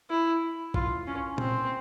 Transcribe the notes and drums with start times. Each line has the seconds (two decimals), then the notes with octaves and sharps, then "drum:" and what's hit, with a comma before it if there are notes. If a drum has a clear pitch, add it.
0.10 E4
0.74 F4, drum: kick
1.07 C#4
1.38 C4, drum: tom